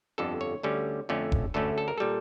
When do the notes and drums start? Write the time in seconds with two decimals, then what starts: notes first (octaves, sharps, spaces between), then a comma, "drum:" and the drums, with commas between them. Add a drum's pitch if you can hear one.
0.18 G1 F2 D3 A4
0.41 C#5
0.63 D2 D3 G3 C#4
1.09 F2 D3 A3 C#4
1.32 drum: kick E1
1.54 D2 D3 A3 C#4 A4
1.78 A4
1.88 A#4
1.98 A#2 G3 A4